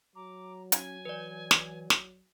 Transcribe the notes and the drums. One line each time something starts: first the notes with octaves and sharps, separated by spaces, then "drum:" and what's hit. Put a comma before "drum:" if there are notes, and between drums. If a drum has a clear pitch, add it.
F#3 A#5 D6
C#4 G#5, drum: hi-hat
E3 B4 D5
drum: snare
drum: snare